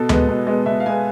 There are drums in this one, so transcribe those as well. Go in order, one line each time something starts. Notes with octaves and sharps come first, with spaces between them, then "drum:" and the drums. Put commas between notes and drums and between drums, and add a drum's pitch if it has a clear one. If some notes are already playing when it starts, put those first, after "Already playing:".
Already playing: B2 A4
G#3 B3, drum: tom D2
B2
G#3 B3
B2 E5
F5
G#3 B3 G#5